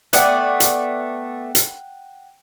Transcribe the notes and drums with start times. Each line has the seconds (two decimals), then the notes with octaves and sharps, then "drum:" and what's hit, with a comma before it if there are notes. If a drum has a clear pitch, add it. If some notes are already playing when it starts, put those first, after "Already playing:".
0.13 A3 B3 D5 F#5 G5 F#6, drum: hi-hat
0.60 drum: hi-hat
1.55 drum: hi-hat